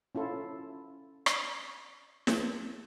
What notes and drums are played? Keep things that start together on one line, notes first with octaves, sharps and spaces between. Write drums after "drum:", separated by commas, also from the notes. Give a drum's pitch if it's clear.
C#4 E4 F4 A4
drum: rim click
drum: snare